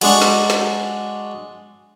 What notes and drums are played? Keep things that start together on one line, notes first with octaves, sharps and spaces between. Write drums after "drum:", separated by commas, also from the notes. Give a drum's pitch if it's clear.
F#3 G#3 D4 C#6, drum: cymbal
drum: snare
drum: snare